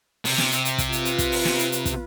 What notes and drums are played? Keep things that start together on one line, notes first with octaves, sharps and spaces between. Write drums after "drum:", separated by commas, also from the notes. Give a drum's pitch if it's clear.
C3, drum: open hi-hat
drum: snare
drum: hi-hat
drum: hi-hat
drum: kick, hi-hat
F4 B4, drum: hi-hat
drum: hi-hat
drum: kick, hi-hat
drum: open hi-hat
drum: snare
drum: hi-hat
drum: hi-hat
drum: kick, hi-hat